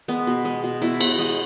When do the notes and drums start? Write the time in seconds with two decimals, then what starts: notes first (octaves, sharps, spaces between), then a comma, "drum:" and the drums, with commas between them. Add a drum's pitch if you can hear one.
0.08 G#3 B3
0.27 B2
0.45 G#3
0.63 B2
0.82 B2 E4
1.01 B2, drum: cymbal
1.19 G#3